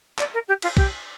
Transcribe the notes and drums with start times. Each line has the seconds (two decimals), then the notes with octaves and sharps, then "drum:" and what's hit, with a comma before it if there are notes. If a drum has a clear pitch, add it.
0.19 D5, drum: clap
0.34 A#4
0.48 G4
0.62 F4, drum: cymbal
0.77 G4, drum: kick C2